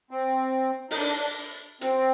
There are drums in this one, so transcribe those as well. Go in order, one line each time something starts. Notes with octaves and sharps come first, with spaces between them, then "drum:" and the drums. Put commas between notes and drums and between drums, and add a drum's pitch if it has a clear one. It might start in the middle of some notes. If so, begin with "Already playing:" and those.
C4
D#4, drum: open hi-hat
D4
C4, drum: hi-hat